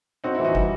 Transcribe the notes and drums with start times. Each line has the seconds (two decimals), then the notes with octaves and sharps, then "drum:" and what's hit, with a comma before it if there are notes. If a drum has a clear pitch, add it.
0.24 C4 D#4 F#4
0.35 E4
0.40 E3 D#4 F#4
0.55 G3, drum: kick